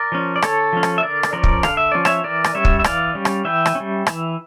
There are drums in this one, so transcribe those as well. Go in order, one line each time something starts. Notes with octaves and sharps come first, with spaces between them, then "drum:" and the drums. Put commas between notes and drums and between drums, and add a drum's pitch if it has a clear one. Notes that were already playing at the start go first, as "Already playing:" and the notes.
Already playing: A#4 D5
F3 C#4
D5
D3 A4 C#5, drum: rim click
F3 C#4
drum: rim click
E5
D3 A#4 D5
drum: rim click
F3 C#4 A#4 D5
drum: kick
D3 F5, drum: rim click
E5
F3 C#4 D5
C#5 E5, drum: rim click
E3 A#4 D5
drum: rim click
G3 C#4 C#5 E5
drum: kick
E5
E3 D5 F5, drum: rim click
G3 C#4
drum: rim click
E3 E5 G5
drum: rim click
C#4
G3
E3, drum: rim click